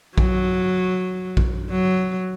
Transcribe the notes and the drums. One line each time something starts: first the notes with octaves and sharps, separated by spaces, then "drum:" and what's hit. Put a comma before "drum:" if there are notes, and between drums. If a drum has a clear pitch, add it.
F#3, drum: kick A#1
drum: kick A#1
F#3